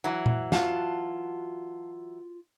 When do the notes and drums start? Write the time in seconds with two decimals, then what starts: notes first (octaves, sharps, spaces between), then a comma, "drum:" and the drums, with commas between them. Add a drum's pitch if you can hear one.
0.04 E3 F#3
0.26 drum: tom A#2
0.52 F4 F#4 F5 F#5 A5, drum: snare